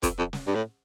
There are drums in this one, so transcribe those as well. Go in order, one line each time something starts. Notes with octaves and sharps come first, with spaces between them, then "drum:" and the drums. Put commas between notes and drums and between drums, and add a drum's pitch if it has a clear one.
F2, drum: kick, hi-hat
F2
drum: snare
G2
A2